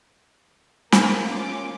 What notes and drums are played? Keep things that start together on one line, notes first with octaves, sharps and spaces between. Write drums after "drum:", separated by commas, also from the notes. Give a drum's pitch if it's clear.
A#3 B3 G#4 C5 B6, drum: snare
C#4 F4 D6